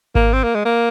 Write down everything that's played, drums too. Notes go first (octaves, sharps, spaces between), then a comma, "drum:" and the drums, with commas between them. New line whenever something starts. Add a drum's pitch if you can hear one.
A#3, drum: kick G#1
C4
A#3
G#3
A#3